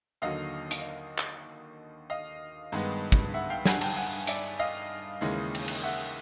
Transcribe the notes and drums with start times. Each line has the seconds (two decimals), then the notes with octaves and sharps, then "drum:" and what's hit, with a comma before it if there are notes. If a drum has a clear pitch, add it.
0.22 D#2 D3 F#3 D#5 F5
0.71 drum: hi-hat
1.18 drum: clap
2.10 D#5 F5
2.72 G2 D#3 G#3 B3
3.12 drum: kick
3.34 E5 F#5
3.50 F5 G5
3.65 F#5 G#5, drum: snare
3.81 G5 A5, drum: cymbal
3.96 F#5 G#5
4.27 D5 E5, drum: hi-hat
4.59 D#5 F5
5.21 D#2 C#3 E3 G#3
5.55 drum: cymbal
5.68 drum: cymbal
5.83 E5 F#5